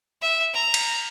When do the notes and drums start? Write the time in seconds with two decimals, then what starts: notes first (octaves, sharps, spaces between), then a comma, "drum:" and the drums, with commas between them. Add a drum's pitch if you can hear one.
0.22 E5
0.54 A#5
0.74 drum: cymbal